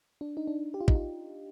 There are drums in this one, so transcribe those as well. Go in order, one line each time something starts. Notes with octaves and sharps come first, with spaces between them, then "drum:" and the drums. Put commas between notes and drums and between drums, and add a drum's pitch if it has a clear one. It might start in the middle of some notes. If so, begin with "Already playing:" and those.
D4
D#4
D4
G4
F4
D#4, drum: kick
F4